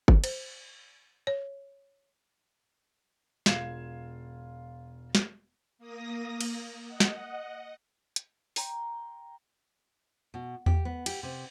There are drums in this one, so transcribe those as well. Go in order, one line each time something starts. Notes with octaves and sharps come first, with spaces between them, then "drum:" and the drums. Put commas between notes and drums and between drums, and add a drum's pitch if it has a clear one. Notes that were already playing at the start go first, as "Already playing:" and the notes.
drum: kick G1
C5, drum: cymbal
C#5
E1 F4 F5 G#6 C7 E7, drum: snare
drum: snare
A#3 D#6 A#6
drum: cymbal
D#5 F#5
drum: snare
drum: hi-hat
G5 A#5 C6, drum: open hi-hat
B2
G4, drum: tom E2
B3
G4, drum: cymbal
C3